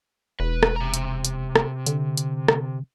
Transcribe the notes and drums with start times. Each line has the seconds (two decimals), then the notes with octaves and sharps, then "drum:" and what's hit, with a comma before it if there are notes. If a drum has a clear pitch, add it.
0.40 E1 B4
0.63 drum: rim click
0.76 C3 A#5
0.94 drum: hi-hat
1.25 drum: hi-hat
1.56 drum: rim click
1.86 D3, drum: hi-hat
2.17 drum: hi-hat
2.48 drum: rim click